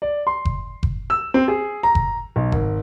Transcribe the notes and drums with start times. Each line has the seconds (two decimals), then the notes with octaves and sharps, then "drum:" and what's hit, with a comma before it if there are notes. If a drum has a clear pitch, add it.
0.02 D5
0.27 C6
0.45 drum: kick F#1
0.83 drum: kick F#1
1.10 E6
1.34 C4
1.48 G#4
1.83 A#5
1.95 drum: kick F#1
2.36 B1
2.52 G#1, drum: kick F#1